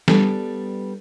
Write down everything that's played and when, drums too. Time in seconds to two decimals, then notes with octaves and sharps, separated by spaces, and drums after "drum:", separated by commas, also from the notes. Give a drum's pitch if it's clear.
0.08 G3 B3 D4 A4, drum: snare